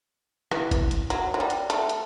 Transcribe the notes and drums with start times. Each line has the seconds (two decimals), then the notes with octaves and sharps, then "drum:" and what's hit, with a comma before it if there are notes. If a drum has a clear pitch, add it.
0.51 E3, drum: rim click
0.71 drum: kick, hi-hat
0.91 drum: hi-hat
1.10 F#3, drum: hi-hat
1.34 F#3
1.40 G3
1.50 drum: hi-hat
1.70 A3, drum: hi-hat
1.89 drum: hi-hat